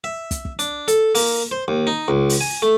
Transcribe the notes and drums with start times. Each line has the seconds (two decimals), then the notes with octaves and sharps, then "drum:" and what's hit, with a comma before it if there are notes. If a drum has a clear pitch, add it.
0.04 E5
0.31 drum: kick, hi-hat
0.45 drum: kick
0.59 D4, drum: hi-hat
0.88 A4, drum: hi-hat
1.15 A#3, drum: open hi-hat
1.51 C5
1.68 D#2
1.87 D#4
2.08 C#2
2.29 drum: open hi-hat
2.41 G#5
2.62 A3